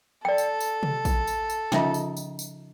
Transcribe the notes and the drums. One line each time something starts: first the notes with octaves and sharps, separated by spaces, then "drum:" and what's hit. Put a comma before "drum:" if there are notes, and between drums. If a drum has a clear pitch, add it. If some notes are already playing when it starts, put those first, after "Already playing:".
A4 D5 G5
drum: tambourine
drum: tambourine
drum: tom C3
drum: kick, tambourine
drum: tambourine
drum: tambourine
C#3 F3 D#4 F4 E5 G5, drum: snare
drum: tambourine
drum: tambourine
drum: tambourine